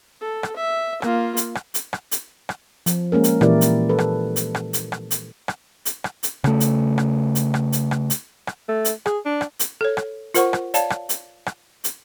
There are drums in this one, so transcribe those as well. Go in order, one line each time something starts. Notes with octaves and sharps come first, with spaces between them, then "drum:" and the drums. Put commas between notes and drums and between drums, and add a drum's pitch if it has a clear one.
A4
drum: rim click
E5
A#3 F4, drum: rim click
drum: hi-hat
drum: rim click
drum: hi-hat
drum: rim click
drum: hi-hat
drum: rim click
F3, drum: hi-hat
G#3 A#3 C#4 A#4
drum: hi-hat
A#2 E3 E4 G4 A#4 D5, drum: rim click
drum: hi-hat
A4 B4
drum: rim click
drum: hi-hat
drum: rim click
drum: hi-hat
drum: rim click
drum: hi-hat
drum: rim click
drum: hi-hat
drum: rim click
drum: hi-hat
C#3 A3, drum: rim click
drum: hi-hat
drum: rim click
drum: hi-hat
drum: rim click
drum: hi-hat
drum: rim click
drum: hi-hat
drum: rim click
A3
drum: hi-hat
G#4, drum: rim click
D4
drum: rim click
drum: hi-hat
A4 C#5
drum: rim click
F4 A#4 C5 F#5 C#6, drum: hi-hat
drum: rim click
C#5 D5 F5 A5, drum: hi-hat
drum: rim click
drum: hi-hat
drum: rim click
drum: hi-hat